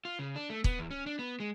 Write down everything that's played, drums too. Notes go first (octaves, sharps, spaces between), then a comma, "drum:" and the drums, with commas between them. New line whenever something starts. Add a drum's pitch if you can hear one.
F4
C#3
D4
A3
B3, drum: kick
E2
C#4
D4
B3
G#3